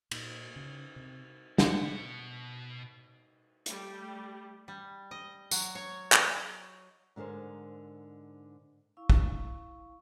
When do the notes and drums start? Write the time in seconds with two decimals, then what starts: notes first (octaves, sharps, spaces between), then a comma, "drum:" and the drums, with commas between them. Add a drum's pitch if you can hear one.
0.11 A#2, drum: cymbal
0.56 C#3
0.96 C3
1.58 B2 F#5, drum: snare
3.66 G3 A3, drum: hi-hat
4.68 G3
5.11 D#5
5.51 F#3, drum: tambourine
5.75 C#5
6.12 D#5, drum: clap
7.16 G#2 D3 G#4 A#4 C5
8.97 E4 F5 C#6
9.10 drum: kick